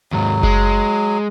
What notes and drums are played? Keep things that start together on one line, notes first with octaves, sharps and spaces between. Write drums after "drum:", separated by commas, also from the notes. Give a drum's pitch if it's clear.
D#2 G#2 F#3
G#3, drum: kick F#1